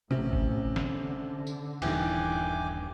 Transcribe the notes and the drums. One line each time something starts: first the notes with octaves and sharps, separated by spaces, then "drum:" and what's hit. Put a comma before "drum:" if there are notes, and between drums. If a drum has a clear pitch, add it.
A1 C3 C4 C#4, drum: tom B2
drum: kick G#1
D3, drum: snare
drum: tambourine
D#1 G2 D#3 E3 G5 G#5 D6, drum: cymbal